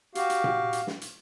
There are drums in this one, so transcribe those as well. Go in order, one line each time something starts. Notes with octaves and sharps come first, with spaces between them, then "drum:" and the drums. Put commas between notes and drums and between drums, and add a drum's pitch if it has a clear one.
F#4 G4 F5, drum: hi-hat
drum: hi-hat
drum: tom A#2
drum: hi-hat
drum: snare
drum: hi-hat